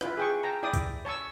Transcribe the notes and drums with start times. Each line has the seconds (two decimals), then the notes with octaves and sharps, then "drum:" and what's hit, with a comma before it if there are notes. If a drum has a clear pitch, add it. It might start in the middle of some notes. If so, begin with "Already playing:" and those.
0.01 E4 F4 B4, drum: rim click
0.17 G#4 G5 C#6
0.43 G5 A5 A#5
0.63 E4 D5 G5 D#6
0.73 drum: kick C#2, tambourine
1.05 C#5 A5 C#6 E6